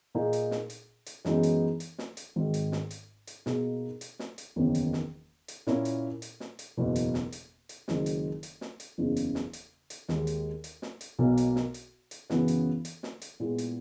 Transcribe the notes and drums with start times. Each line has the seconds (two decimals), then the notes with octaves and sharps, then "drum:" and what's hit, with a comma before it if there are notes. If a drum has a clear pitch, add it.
0.15 A#2 A#3 D#4 G#4
0.33 drum: hi-hat
0.51 drum: snare
0.70 drum: hi-hat
1.06 drum: hi-hat
1.25 F#2 E3 G#3 B3 D#4, drum: snare
1.43 drum: hi-hat
1.80 drum: hi-hat
1.98 drum: snare
2.17 drum: hi-hat
2.36 G#1 G#2 D#3
2.54 drum: hi-hat
2.72 drum: snare
2.91 drum: hi-hat
3.27 drum: hi-hat
3.46 B2 A#3 D#4 G#4, drum: snare
4.01 drum: hi-hat
4.19 drum: snare
4.38 drum: hi-hat
4.56 F#1 E2 D#3 A#3 C#4
4.75 drum: hi-hat
4.93 drum: snare
5.48 drum: hi-hat
5.67 A#2 A#3 C#4 E4 A#4, drum: snare
5.85 drum: hi-hat
6.22 drum: hi-hat
6.40 drum: snare
6.59 drum: hi-hat
6.77 F#1 E2 B2 A#3
6.96 drum: hi-hat
7.14 drum: snare
7.32 drum: hi-hat
7.69 drum: hi-hat
7.88 F#1 F#2 D#3 G#3, drum: snare
8.06 drum: hi-hat
8.43 drum: hi-hat
8.61 drum: snare
8.80 drum: hi-hat
8.98 F#1 E2 C#3
9.17 drum: hi-hat
9.35 drum: snare
9.53 drum: hi-hat
9.90 drum: hi-hat
10.09 D#2 D#3 G#3, drum: snare
10.27 drum: hi-hat
10.64 drum: hi-hat
10.82 drum: snare
11.01 drum: hi-hat
11.19 B1 B2 A#3
11.37 drum: hi-hat
11.56 drum: snare
11.74 drum: hi-hat
12.11 drum: hi-hat
12.30 F#2 C#3 E3 B3, drum: snare
12.48 drum: hi-hat
12.85 drum: hi-hat
13.03 drum: snare
13.22 drum: hi-hat
13.40 A#2 G#3 B3 E4 G#4
13.58 drum: hi-hat